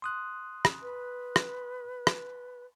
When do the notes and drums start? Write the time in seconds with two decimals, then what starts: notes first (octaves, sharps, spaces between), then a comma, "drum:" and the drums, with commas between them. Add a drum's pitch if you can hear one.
0.02 C6 D#6 F#6
0.65 drum: rim click
0.83 B4
1.36 drum: rim click
2.07 drum: rim click